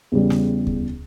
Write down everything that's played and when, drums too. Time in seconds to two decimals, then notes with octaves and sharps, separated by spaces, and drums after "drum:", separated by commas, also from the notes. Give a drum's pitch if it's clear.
0.12 E2 C#3 G3
0.30 drum: snare
0.67 drum: kick D2